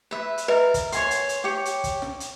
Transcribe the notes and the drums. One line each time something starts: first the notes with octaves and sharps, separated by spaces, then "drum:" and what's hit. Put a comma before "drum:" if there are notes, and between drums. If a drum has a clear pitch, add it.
B4 E5
drum: hi-hat
A#4 B4 D#5 E5
drum: kick, hi-hat
C#5 G#5 C6, drum: hi-hat
drum: hi-hat
drum: hi-hat
G4 C#5
drum: hi-hat
drum: kick, hi-hat
drum: snare
drum: hi-hat